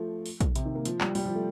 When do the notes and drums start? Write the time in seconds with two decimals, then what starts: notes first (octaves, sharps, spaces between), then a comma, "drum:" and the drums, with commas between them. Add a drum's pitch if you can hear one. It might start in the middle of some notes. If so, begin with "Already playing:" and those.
Already playing: F3 A3
0.26 drum: open hi-hat
0.41 drum: kick, hi-hat
0.55 C3, drum: hi-hat
0.65 D#3
0.75 A#3
0.85 F3, drum: hi-hat
1.01 G3, drum: clap
1.15 G3, drum: open hi-hat
1.25 F3
1.35 A3